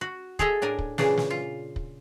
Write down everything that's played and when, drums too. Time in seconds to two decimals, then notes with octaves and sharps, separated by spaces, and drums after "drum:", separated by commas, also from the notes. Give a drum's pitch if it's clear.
0.01 F#4
0.39 G#4 A4 C#5 D#5 E5, drum: kick
0.62 A2 D4 A#4 G#5
0.79 drum: kick
0.98 A#2 C#3 E3 D4 G#4 A5, drum: snare
1.18 drum: snare
1.30 F4
1.76 drum: kick